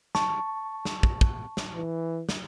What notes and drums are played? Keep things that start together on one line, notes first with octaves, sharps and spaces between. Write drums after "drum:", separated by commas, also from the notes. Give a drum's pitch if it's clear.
A5 C#6, drum: snare
drum: snare
drum: kick
drum: kick
drum: snare
E3
drum: snare